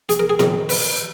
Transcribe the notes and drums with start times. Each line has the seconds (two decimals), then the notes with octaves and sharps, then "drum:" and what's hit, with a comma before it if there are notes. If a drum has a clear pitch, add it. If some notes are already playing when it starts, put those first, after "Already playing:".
0.09 G#4, drum: hi-hat
0.20 A#4
0.30 G#4
0.39 F2 D#3 A#4, drum: tom A2
0.69 B4, drum: open hi-hat